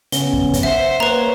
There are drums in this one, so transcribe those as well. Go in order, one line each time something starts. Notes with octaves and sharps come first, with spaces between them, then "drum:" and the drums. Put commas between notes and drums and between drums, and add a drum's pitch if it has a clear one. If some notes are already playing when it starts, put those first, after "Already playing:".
C#3 B3 C#4 G7, drum: hi-hat
drum: kick
drum: kick, hi-hat
C5 E5 F#5 E6
A#3 B4 C#5 A#5